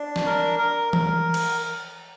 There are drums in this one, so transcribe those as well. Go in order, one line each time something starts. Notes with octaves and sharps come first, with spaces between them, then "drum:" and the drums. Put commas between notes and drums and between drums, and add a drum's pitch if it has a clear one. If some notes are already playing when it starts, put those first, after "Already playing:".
Already playing: D4
drum: snare
A#4
A#4
A#4, drum: tom E3
drum: cymbal